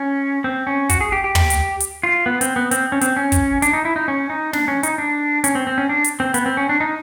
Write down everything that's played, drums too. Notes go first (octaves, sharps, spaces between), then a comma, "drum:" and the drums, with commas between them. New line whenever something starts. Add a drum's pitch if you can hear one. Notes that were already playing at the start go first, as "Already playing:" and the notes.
Already playing: C#4
C4
C#4
F#4, drum: kick, hi-hat
G#4
G4
G4
drum: tom
drum: hi-hat
drum: hi-hat
F4
B3
C4, drum: hi-hat
B3
C4, drum: hi-hat
C#4
C4, drum: hi-hat
C#4
drum: kick, hi-hat
D4, drum: hi-hat
D#4
E4
D#4
C#4
D#4
D4, drum: snare
C#4
D#4, drum: hi-hat
D4
C#4, drum: hi-hat
C4
C4
C#4
D4
drum: hi-hat
C4
B3, drum: hi-hat
C4
C#4
D4
D#4